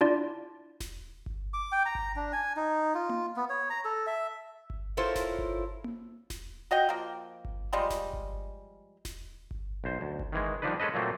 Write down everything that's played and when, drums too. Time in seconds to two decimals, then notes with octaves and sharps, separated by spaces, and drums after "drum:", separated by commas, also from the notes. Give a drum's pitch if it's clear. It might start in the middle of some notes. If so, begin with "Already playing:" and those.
0.01 D4 E4 F4 D5
0.80 drum: snare E1
1.26 drum: kick G1
1.53 D6
1.72 G5
1.86 A#5
1.95 drum: kick G1
2.16 D4
2.33 G#5
2.57 D#4
2.95 F4
3.09 drum: tom A#3
3.36 B3
3.50 C#5
3.70 A#5
3.85 A4
4.07 E5
4.70 drum: kick G1
4.97 E4 F4 A4 A#4 C5 C#5
5.16 drum: snare E1
5.38 drum: kick G1
5.84 drum: tom A#3
6.30 drum: snare E1
6.71 F#4 D#5 F5 G5
6.89 F3 A#3
7.45 drum: kick G1
7.73 F3 G3 G#3
7.90 drum: snare E1
8.13 drum: kick G1
9.05 drum: snare E1
9.51 drum: kick G1
9.84 B1 C5
10.01 D2
10.19 drum: kick G1
10.32 D#3 E3 G#3
10.62 D#3 F3 G3 D4 D#4 B4
10.80 G#3 C#4 A4 B4 D#5
10.94 A#2 F#3 A3 A#3 C4